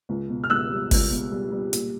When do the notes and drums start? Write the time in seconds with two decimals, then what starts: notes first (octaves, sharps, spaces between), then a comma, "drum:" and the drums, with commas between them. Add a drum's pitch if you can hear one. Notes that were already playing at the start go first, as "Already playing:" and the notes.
0.09 C#2
0.29 B2
0.44 F6
0.50 C#2 E6 F#6
0.70 G3
0.91 C#2, drum: kick G1, open hi-hat
1.11 B2
1.31 G3
1.52 G3
1.73 A#2, drum: hi-hat